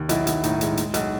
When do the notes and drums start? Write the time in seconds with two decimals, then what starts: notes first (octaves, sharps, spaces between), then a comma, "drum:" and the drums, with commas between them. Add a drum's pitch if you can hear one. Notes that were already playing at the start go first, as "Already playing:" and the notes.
Already playing: D#2
0.09 B1 E4, drum: hi-hat
0.27 B1, drum: hi-hat
0.44 A2 D#4, drum: hi-hat
0.61 G#3, drum: hi-hat
0.77 G#3, drum: hi-hat
0.94 B1, drum: hi-hat